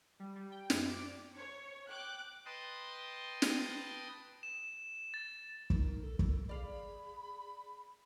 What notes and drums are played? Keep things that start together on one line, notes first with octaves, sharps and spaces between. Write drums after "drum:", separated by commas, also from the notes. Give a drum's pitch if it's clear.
G3
G3
G5
F#2, drum: snare
D6
D4
C#5
G5 D6 F#6
B4 D#5 G5 A5 C6 D#6
drum: snare
E7
A6
D#4 A#4, drum: kick
A4
drum: kick
G#4 D5 F5 B5